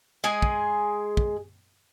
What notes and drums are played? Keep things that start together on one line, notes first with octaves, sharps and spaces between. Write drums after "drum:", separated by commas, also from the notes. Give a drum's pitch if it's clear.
G#3 G#4 G#5
drum: kick
drum: kick